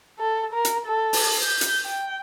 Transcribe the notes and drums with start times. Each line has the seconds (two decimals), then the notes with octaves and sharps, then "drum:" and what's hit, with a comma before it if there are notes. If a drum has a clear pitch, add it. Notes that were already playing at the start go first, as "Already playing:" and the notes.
0.19 A4
0.53 A#4
0.65 drum: hi-hat
0.86 A4
1.13 drum: open hi-hat
1.43 G6
1.61 drum: hi-hat
1.85 G5